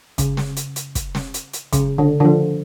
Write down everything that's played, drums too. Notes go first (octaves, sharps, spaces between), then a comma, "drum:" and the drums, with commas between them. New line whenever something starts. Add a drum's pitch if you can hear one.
C#3, drum: kick, hi-hat
drum: snare
drum: hi-hat
drum: hi-hat
drum: kick, hi-hat
drum: snare
drum: hi-hat
drum: hi-hat
C#3, drum: kick, hi-hat
D3
D3
F3